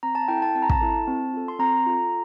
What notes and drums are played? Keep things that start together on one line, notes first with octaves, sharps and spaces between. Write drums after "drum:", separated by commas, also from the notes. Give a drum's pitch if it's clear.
C4 A#5
A5
E4 A4 G5
A5
C4 A5
A#5
A5, drum: kick
E4 A4
C4
F4 A4
C6
C4 A#5
F4 A4